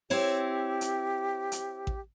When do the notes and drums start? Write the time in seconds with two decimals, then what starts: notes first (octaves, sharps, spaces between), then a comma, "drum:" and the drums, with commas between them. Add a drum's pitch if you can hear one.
0.10 C4 E4 G4 C#5, drum: open hi-hat
0.81 drum: hi-hat
1.52 drum: hi-hat
1.87 drum: kick A1